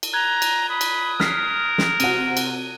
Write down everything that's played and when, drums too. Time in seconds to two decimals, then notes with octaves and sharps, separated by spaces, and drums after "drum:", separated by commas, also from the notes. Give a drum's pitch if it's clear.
0.03 drum: cymbal
0.13 A#5 F#6 G#6 G7
0.42 drum: cymbal
0.70 B5 D#6
0.81 drum: cymbal
1.20 A#4 F6 B6 C7, drum: snare
1.78 drum: snare
2.00 C3 C4 F#4 D#7, drum: cymbal
2.37 drum: cymbal